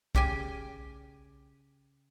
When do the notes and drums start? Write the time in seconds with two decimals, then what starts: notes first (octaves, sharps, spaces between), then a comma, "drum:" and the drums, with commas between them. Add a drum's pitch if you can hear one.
0.15 C#3 G4 G5 G#5, drum: kick B1